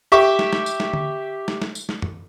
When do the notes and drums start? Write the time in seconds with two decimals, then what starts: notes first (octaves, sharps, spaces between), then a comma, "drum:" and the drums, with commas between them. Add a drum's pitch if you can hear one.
0.12 G4 E5 C#6 D6
0.39 drum: snare
0.53 drum: snare
0.66 drum: tambourine
0.80 drum: snare
0.93 drum: tom D3
1.48 drum: snare
1.62 drum: snare
1.75 drum: tambourine
1.89 drum: snare
2.02 drum: tom F#2